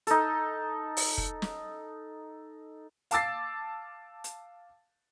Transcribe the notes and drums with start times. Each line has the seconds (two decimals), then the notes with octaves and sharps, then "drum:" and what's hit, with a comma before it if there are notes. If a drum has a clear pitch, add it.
0.07 D#4 A4, drum: hi-hat
0.97 drum: open hi-hat
1.18 drum: kick
1.42 drum: snare
3.11 F5 A5 D6 E6 A6 C7, drum: hi-hat
4.24 drum: hi-hat